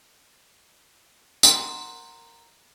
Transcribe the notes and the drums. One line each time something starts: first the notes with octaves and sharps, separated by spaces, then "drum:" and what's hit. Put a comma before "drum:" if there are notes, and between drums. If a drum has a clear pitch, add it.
A#4 C5 F#5, drum: tambourine